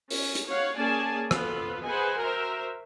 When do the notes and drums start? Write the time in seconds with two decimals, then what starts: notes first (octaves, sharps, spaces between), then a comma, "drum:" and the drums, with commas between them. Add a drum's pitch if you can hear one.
0.10 C#4, drum: open hi-hat
0.35 drum: hi-hat
0.48 C#5 F5 F#5
0.76 A#3 C#4 G#4 D5 G#5 A5
1.31 B3 F4 A4 B4, drum: rim click
1.84 G#4 B4 C5 D#5 F#5 G#5
2.18 F#4 A#4 C5 E5